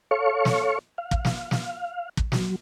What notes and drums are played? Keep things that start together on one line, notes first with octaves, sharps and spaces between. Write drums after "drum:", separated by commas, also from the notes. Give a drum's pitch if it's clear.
A4 C#5 F5 C#6
drum: snare
F5
drum: kick
drum: snare
drum: snare
drum: kick
F#3, drum: snare